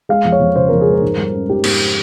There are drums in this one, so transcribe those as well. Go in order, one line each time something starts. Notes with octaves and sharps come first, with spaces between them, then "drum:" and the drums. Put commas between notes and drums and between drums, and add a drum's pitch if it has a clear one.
G#3 F5
F2
C#5
F2
C#3 C5
F2 A#4
G#4
G#3
A#4
G#2
G3
C#4
G#2 G4
G#2, drum: cymbal